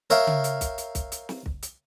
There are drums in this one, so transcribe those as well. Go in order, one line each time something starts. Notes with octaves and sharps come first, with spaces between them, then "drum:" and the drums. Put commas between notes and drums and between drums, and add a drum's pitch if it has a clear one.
A#4 C#5 E5 F5 G5, drum: hi-hat
drum: tom C#3
drum: hi-hat
drum: kick, hi-hat
drum: hi-hat
drum: kick, hi-hat
drum: hi-hat
drum: snare
drum: kick
drum: hi-hat